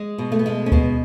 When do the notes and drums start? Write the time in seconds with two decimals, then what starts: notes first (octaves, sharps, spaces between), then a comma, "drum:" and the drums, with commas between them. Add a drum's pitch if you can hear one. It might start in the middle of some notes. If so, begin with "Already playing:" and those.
Already playing: G#3
0.18 B2
0.32 A3
0.39 B3
0.46 G#3 A3
0.66 C#4
0.72 B2 B3, drum: kick D2